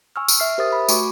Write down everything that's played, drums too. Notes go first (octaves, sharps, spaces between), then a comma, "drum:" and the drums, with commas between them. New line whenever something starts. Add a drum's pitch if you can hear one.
G#5 C#6 E6 F6
drum: tambourine
E5 F6 C7
G4 A#4 C5 E5 D#6 A6
B5
A3 F#4 G#5 C#6 D6, drum: tambourine